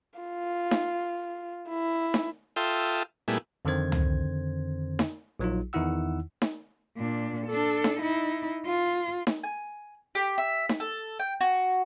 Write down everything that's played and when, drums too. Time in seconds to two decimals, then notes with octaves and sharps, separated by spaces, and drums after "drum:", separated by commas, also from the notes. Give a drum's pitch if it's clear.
0.19 F4
0.71 drum: snare D#4
1.69 E4
2.14 drum: snare D#4
2.56 F4 A4 E5 G5 C6 D#6
3.28 A#2 G3 A3 B3 E4 G#4
3.65 F2 D3 D#3 C4 C5 G#6
3.92 drum: tom
4.99 drum: snare D#4
5.39 A#1 F#3 D#4 F4
5.73 E2 D#3 D#4 E4 F#5 E6
6.42 drum: snare D#4
6.98 A#2 D4
7.47 D4 A4
7.84 drum: snare D#4
8.00 D#4 E4
8.66 F4
9.27 drum: snare D#4
9.44 G#5
10.15 G4
10.38 E5
10.69 drum: snare D#4
10.80 A4
11.20 G5
11.41 F#4